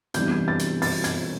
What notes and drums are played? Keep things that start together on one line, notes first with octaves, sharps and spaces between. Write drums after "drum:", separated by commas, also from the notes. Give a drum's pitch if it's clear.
C3 E3 G3 B3 D4 G6, drum: hi-hat
G#6
A6
drum: hi-hat
A6, drum: open hi-hat
G#6, drum: hi-hat